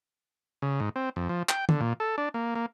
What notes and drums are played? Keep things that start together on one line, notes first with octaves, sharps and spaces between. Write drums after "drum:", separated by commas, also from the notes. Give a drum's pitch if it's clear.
C#3
G#2
C4
F2
F3
G5, drum: clap
D3, drum: tom
A#2
A4
D4
A#3
A#3